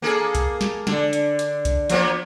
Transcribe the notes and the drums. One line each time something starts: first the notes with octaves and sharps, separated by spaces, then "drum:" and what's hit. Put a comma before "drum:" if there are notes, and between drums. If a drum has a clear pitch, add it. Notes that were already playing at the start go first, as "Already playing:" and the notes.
A#3 G#4 A4
drum: kick C2, hi-hat
drum: snare
D3, drum: snare
drum: hi-hat
drum: hi-hat
drum: kick C2, hi-hat
F3 A#3 B3, drum: hi-hat